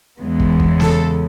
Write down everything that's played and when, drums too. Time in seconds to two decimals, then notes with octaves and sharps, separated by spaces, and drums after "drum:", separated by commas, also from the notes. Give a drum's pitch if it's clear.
0.19 E2 C#3 E3 G#3 B3
0.40 drum: kick
0.60 drum: kick
0.80 A4, drum: snare